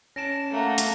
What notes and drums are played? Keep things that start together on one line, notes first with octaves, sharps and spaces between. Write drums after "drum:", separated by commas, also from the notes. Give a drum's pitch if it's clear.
C#4 A5 A#6 D7 E7
A3 A#3 F#5
drum: hi-hat